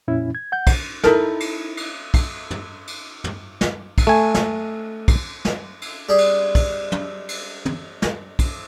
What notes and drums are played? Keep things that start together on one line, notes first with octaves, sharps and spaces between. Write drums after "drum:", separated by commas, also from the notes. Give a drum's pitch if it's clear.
F2 A#2 C#4 E4
G#6
F#5 G6
drum: kick, cymbal
D#4 E4 A4 A#4, drum: snare
drum: cymbal
drum: cymbal
drum: kick, cymbal
drum: tom
drum: cymbal
drum: tom
drum: snare
drum: kick, cymbal
A3 G#5
drum: snare
drum: kick, cymbal
drum: snare
drum: cymbal
G3 G#4
drum: cymbal
drum: kick, cymbal
drum: tom
drum: cymbal
drum: tom
drum: snare
drum: kick, cymbal